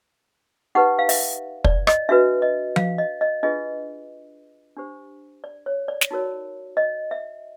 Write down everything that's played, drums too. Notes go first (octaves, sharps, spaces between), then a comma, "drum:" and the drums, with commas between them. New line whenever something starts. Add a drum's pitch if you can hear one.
D#4 G4 B4 F#5
F5
E5, drum: open hi-hat
D5, drum: kick
D#5, drum: rim click
D4 F#4 B4 E5
D#5
F5, drum: tom F3
D#5
D#5
D4 F4 G#4 B4 D#5
D4 G4 C5
D5
C#5
D5
drum: snare
D#4 F#4 A#4 C#5
D#5
E5